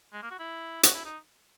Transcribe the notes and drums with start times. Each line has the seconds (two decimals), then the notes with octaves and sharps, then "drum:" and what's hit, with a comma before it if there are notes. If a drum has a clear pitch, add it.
0.13 G#3
0.22 A#3
0.31 F#4
0.39 E4
0.83 F#4, drum: hi-hat
0.95 E4
1.05 D#4